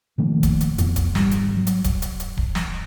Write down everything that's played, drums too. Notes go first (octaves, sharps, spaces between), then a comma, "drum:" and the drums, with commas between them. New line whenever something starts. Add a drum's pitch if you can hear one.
A#2 D#3 F3 A3
drum: kick D1, hi-hat
drum: hi-hat
F2 B3, drum: hi-hat
drum: kick D1, hi-hat
G#1 G3, drum: snare
drum: hi-hat
F#3
drum: hi-hat
drum: kick D1, hi-hat
drum: hi-hat
drum: hi-hat
drum: kick D1
drum: snare